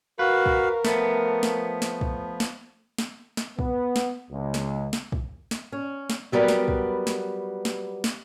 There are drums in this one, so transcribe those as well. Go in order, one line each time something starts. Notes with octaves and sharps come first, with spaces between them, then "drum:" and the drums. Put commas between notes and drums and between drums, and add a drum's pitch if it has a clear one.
F#4 A#4 B4 F5
drum: kick
F3 A3 B3, drum: snare
drum: snare
drum: snare
drum: kick
drum: snare
drum: snare
drum: snare
B3, drum: kick
drum: snare
C#2
drum: snare
drum: snare
drum: kick
drum: snare
C#4
drum: snare
F#3 G3 B3 A#4 B4
drum: snare
drum: kick
drum: snare
drum: snare
drum: snare